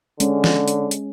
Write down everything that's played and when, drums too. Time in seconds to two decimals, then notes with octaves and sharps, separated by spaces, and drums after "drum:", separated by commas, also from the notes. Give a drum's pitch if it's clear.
0.20 D3 G#3 C#4, drum: hi-hat
0.44 drum: snare
0.68 drum: hi-hat
0.91 drum: hi-hat